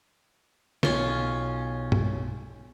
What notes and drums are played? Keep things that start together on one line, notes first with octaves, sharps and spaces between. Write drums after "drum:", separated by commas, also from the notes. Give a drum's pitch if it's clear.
B1 C#4 F4 G7, drum: snare
drum: tom G2